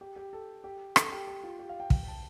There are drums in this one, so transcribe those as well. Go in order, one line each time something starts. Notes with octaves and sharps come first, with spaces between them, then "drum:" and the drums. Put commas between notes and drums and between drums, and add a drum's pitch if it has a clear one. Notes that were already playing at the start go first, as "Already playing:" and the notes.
G4
G4
A4
G4
A4, drum: rim click
G4
G4
F4
G4
F5
G5
G5, drum: kick
A5